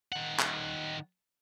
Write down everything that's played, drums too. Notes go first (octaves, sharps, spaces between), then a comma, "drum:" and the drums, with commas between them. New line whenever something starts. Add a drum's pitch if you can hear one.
D#3 F#5
drum: clap